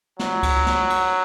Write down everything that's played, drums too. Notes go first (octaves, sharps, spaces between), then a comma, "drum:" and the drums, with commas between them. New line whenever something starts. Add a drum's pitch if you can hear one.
F#3, drum: snare
drum: kick C#2, cymbal
drum: snare
drum: cymbal